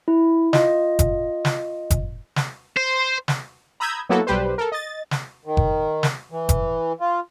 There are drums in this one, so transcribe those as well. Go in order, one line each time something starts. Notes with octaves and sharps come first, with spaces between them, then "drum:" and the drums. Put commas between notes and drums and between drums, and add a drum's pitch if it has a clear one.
E4
F4 D#5, drum: snare
drum: kick F#1, hi-hat
drum: snare
drum: kick F#1, hi-hat
drum: snare
C5
drum: snare
A#5 B5 D#6 E6 G6 G#6
F#3 A#3 B3 E4 F#4 A4
B1 G3 G4 B4 C5
A4 A#4
D#5 A6
drum: snare
D#3
drum: kick F#1
drum: snare
E3
drum: kick F#1, hi-hat
F4